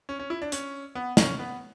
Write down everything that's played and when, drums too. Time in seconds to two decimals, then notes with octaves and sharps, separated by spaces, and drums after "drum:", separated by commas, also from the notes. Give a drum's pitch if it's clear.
0.09 C#4
0.19 C#4
0.30 E4
0.42 D4
0.52 C#4, drum: hi-hat
0.95 B3
1.17 C#4, drum: snare
1.39 B3